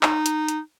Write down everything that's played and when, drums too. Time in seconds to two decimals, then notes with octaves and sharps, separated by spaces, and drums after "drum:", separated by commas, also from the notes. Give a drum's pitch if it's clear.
0.03 D#4, drum: clap
0.26 drum: hi-hat
0.48 drum: hi-hat